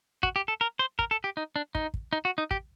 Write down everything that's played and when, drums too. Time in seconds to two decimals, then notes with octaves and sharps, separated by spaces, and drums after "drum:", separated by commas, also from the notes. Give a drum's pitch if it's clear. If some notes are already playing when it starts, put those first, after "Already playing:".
0.23 F#4, drum: kick
0.36 G4
0.48 A4
0.61 A#4
0.79 C5
0.99 A#4, drum: kick
1.11 A4
1.24 G4
1.37 D#4
1.56 D4
1.75 D#4, drum: kick
1.94 drum: kick
2.13 D#4
2.25 F#4
2.38 D#4
2.51 G4, drum: kick